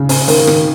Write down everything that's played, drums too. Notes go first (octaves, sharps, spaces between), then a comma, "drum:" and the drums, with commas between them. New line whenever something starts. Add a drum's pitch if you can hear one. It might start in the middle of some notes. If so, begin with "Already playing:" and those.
Already playing: C#3
C#4, drum: open hi-hat
D#3, drum: open hi-hat
D#3, drum: rim click